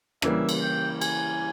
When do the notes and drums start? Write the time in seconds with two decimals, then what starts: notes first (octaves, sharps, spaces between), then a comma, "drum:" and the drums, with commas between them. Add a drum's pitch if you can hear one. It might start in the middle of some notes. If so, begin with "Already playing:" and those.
0.22 C#3 E3 G3 A#3 E5, drum: rim click
0.49 drum: cymbal
0.62 G5
1.01 G#5, drum: cymbal